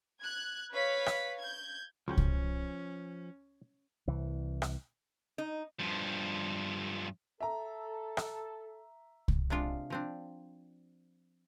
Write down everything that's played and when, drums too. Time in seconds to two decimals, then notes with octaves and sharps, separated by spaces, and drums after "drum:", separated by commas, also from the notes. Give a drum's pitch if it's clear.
0.20 F#6 G#6
0.73 B4 C#5 F5 B6
1.06 drum: rim click
1.41 G6 G#6
2.08 C#2 F3 C#4 F#4 G5
2.17 drum: kick C2
4.08 C2 E3
4.62 drum: rim click
5.38 D#4
5.80 G2 F3
7.40 A4 E5 A#5
8.17 drum: rim click
9.28 drum: kick C2
9.50 C3 G#3 D4 F4
9.90 F3 C4 D4